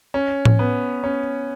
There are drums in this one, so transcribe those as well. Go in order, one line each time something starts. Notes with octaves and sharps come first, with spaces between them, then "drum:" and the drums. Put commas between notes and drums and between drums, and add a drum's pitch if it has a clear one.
C#4
drum: tom A2
B3
C#4